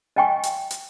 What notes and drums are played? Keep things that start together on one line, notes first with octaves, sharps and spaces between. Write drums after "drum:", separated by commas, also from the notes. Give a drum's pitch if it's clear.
D#5 F5 G5 G#5 C#6
drum: hi-hat
drum: hi-hat